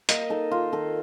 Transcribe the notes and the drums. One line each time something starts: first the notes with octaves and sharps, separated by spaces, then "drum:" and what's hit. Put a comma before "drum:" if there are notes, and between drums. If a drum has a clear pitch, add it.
A#3 D#5, drum: hi-hat
D#4 A4
D#3 F4
D#3 A4